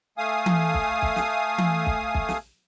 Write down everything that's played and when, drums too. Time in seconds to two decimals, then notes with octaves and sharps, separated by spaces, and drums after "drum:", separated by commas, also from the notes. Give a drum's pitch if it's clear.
0.18 A3 F5 G#5 D#6
0.46 drum: tom E3
0.74 drum: kick
1.02 drum: kick
1.16 drum: snare
1.58 drum: tom E3
1.86 drum: kick
2.14 drum: kick
2.29 drum: snare